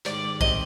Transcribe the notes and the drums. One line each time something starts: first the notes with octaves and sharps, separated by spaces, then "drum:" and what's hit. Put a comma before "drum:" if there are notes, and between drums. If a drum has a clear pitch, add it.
G#2 D#3 G3 D5, drum: hi-hat
D#3 G3 C4 D#5, drum: kick